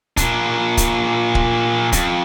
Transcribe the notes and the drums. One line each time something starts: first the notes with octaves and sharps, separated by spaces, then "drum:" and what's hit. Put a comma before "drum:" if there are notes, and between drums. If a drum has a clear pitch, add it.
A#2 D4, drum: kick, hi-hat
drum: kick, hi-hat
drum: kick
F2, drum: kick, hi-hat